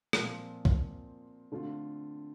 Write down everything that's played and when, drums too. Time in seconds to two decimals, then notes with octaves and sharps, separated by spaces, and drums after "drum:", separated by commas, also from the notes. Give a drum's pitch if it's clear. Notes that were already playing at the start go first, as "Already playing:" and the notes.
0.13 A#2 F3 C4, drum: rim click
0.65 drum: kick
1.52 D3 A3 C4 F4